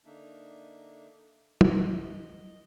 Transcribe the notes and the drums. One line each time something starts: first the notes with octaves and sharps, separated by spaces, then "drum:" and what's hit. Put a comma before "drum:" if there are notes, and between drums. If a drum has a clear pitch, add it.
D3 A#3 D4 D#4 E5
D#5, drum: tom